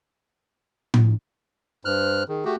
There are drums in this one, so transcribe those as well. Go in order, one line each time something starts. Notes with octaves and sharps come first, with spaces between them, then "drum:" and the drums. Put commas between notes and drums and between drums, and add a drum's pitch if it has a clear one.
drum: tom A2
G2 C5 F6 F#6
D#3 G#4
A3 F#4 G4